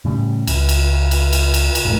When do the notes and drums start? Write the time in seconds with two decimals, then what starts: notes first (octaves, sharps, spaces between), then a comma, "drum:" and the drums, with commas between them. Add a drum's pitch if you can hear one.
0.05 A2 C#3 G3
0.47 C#2, drum: cymbal
0.69 drum: cymbal
1.11 drum: cymbal
1.33 drum: cymbal
1.54 drum: cymbal
1.75 drum: cymbal
1.85 A#1 G#2 F3 A3